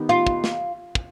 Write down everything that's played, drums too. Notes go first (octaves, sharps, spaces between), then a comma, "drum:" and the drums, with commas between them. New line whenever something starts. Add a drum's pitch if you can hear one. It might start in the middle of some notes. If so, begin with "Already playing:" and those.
Already playing: D#3 B3 D#4 G4
F4
drum: kick
drum: snare
drum: kick